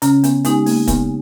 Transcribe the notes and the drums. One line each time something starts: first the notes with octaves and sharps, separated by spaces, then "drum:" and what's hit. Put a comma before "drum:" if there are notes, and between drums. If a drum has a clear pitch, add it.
C#3 C#4, drum: hi-hat
B3, drum: hi-hat
G#3 B3 D#4 G4, drum: hi-hat
A#3, drum: open hi-hat
C#3 B3, drum: kick, hi-hat